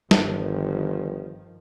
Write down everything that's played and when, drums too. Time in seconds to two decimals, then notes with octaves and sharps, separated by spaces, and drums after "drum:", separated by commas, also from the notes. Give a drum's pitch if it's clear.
0.11 G1 G2 D#3 F3, drum: snare